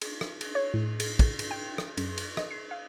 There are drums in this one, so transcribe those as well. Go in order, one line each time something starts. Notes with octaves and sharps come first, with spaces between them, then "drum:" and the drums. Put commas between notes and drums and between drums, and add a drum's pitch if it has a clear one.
drum: cymbal
drum: rim click
drum: cymbal
C#5
A2
drum: cymbal
drum: kick, cymbal
drum: cymbal
G5
drum: rim click
F#2, drum: cymbal
drum: cymbal
D#5, drum: rim click
C7
F5